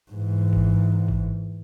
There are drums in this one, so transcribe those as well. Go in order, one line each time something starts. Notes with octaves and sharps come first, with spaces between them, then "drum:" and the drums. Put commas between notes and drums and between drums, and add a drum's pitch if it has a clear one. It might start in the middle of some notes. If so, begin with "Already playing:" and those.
G#2 E3
drum: kick
drum: kick